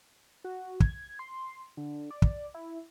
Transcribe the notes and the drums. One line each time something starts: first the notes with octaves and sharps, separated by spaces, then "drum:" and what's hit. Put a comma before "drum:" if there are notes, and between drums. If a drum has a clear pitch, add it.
F#4
G#6, drum: kick
C6
D3
D5
drum: kick
E4